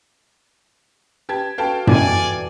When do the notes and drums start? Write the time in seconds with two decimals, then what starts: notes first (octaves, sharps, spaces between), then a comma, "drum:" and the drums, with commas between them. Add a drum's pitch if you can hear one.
1.29 G4 B4 A5 G#6
1.58 F#4 A4 B4 F5 G5 A5
1.87 E2 D5 G#5, drum: tom F#2